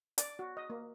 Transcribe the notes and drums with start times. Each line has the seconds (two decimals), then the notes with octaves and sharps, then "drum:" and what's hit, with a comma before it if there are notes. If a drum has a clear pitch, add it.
0.18 D5, drum: hi-hat
0.39 F#4
0.57 D#5
0.70 A#3